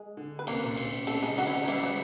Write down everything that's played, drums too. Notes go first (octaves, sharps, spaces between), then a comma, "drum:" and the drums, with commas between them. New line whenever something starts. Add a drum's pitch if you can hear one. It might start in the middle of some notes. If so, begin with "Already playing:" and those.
Already playing: G#3 G#4
D3
B4
C3 A#3 A#4, drum: cymbal
A#2
A#2, drum: cymbal
C3 A3 A4, drum: cymbal
C#3 G#3 G#4
D3 F#3 F#4, drum: cymbal
E4
F3 F4
D#4
E3 G3 E4, drum: cymbal
F#3 G#3 F#4